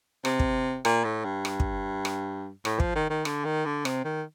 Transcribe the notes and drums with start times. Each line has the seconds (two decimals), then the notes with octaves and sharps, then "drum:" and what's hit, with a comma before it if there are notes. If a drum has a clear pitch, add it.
0.25 C3, drum: rim click
0.40 drum: kick
0.85 A#2, drum: rim click
1.05 A2
1.25 G2
1.45 drum: rim click
1.60 drum: kick
2.05 drum: rim click
2.65 A2, drum: rim click
2.80 F3, drum: kick
2.95 D#3
3.10 D#3
3.25 D3, drum: rim click
3.45 D#3
3.66 D3
3.85 C3, drum: rim click
4.05 D#3